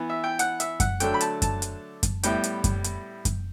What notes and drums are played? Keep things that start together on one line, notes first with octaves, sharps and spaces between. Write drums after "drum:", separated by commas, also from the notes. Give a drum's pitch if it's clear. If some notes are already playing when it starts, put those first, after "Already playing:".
Already playing: E3 B3 E4
E5
G5
F#5, drum: hi-hat
E5, drum: hi-hat
F#5, drum: kick F#2, hi-hat
D3 F#3 A3 D4 G5, drum: hi-hat
B5
A5, drum: hi-hat
A5, drum: kick F#2, hi-hat
drum: hi-hat
drum: kick F#2, hi-hat
A2 G3 B3 E4 G5, drum: hi-hat
drum: hi-hat
drum: kick F#2, hi-hat
drum: hi-hat
drum: kick F#2, hi-hat